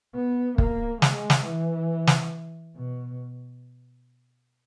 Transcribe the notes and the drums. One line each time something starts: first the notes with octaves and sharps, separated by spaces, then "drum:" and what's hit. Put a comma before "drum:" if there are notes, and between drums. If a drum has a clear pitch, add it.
B3
A#3, drum: kick
G#3, drum: snare
drum: snare
E3
drum: snare
B2